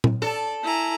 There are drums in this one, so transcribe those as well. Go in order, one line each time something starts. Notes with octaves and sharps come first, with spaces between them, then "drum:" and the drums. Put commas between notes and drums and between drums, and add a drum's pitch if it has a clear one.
drum: tom A#2
A4 D5
E4 G#5 A#5